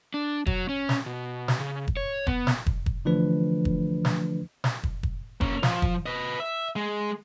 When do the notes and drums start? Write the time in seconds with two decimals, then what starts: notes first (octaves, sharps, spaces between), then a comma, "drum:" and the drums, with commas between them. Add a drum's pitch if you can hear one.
0.14 D4
0.47 F#3, drum: kick
0.69 C#4
0.89 drum: snare
1.06 B2
1.48 drum: snare
1.60 C#3
1.88 drum: kick
1.97 C#5
2.27 B3, drum: kick
2.47 drum: snare
2.66 drum: kick
2.86 drum: kick
3.05 D3 E3 F3 A3 D4 B4
3.65 drum: kick
4.05 drum: snare
4.64 drum: snare
4.84 drum: kick
5.03 drum: kick
5.41 A#3 C#4, drum: kick
5.63 F3, drum: snare
5.82 drum: kick
6.06 B4 D#5
6.40 E5
6.76 G#3